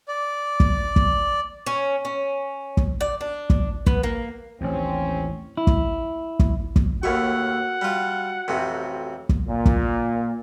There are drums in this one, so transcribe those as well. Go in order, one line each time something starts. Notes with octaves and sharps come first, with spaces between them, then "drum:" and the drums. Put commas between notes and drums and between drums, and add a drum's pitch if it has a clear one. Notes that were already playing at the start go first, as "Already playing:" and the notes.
D5
drum: kick
drum: kick
C#4
C#4
drum: kick
D5
D4
drum: kick
B3, drum: kick
A#3
A1 D#2 C4 C#4
E4
drum: kick
drum: kick
drum: kick
D#2 A2 F#4 F#5 C#6 F6
G3 F4
A1 F2 C3
drum: kick
A#2
drum: kick